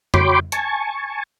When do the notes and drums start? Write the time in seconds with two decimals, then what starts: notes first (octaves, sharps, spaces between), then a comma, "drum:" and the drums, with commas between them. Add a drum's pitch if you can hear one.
0.14 F#4 C#5 G5 B5 C6 D6, drum: tom F2
0.52 G#5 A5 C#6, drum: hi-hat